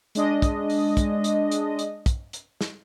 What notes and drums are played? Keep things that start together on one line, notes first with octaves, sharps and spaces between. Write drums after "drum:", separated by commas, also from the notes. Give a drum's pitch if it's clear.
G#3 D4 D#5, drum: hi-hat
drum: kick, hi-hat
drum: open hi-hat
drum: kick, hi-hat
drum: hi-hat
drum: hi-hat
drum: hi-hat
drum: kick, hi-hat
drum: hi-hat
drum: snare